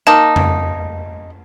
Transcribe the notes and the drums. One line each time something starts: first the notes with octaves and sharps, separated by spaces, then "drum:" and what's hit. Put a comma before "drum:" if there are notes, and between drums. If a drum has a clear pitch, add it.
A#3 D#4 A5
drum: tom F2